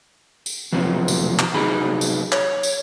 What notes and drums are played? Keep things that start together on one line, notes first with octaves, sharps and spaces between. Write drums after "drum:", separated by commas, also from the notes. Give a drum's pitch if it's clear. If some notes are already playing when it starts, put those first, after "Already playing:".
drum: tambourine
B1 F2 C3 F3 F#3
drum: tambourine
drum: clap
C2 F#3 D#4 G#4 B5
drum: tambourine
C#5, drum: clap
drum: tambourine